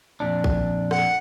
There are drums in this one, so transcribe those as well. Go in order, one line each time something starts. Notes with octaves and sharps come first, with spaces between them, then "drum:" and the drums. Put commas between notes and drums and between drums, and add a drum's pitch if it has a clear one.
F2 A#2 D4
drum: kick A#1
F#5, drum: rim click